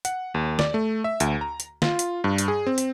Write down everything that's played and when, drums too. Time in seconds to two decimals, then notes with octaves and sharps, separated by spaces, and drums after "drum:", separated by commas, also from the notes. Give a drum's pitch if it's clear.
0.05 F#5, drum: hi-hat
0.34 D#2
0.59 D5, drum: snare
0.74 A3
1.04 E5
1.20 D2, drum: hi-hat
1.41 A#5
1.60 drum: hi-hat
1.82 F4, drum: snare
1.99 drum: hi-hat
2.24 G2
2.38 drum: hi-hat
2.48 G#4
2.67 C4
2.78 drum: hi-hat